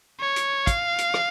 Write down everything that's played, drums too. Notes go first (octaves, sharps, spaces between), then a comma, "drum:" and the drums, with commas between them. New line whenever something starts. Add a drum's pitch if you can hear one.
C#5
drum: hi-hat
F5, drum: kick, hi-hat
drum: hi-hat
drum: rim click